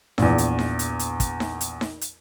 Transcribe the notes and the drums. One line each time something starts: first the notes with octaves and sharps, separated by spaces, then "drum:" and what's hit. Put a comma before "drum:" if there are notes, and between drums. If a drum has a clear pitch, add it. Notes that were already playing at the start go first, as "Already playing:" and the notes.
A#1 E2, drum: snare D#4
drum: hi-hat
drum: snare D#4
drum: hi-hat
drum: hi-hat
drum: kick, hi-hat
drum: snare D#4
drum: hi-hat
drum: snare D#4
drum: hi-hat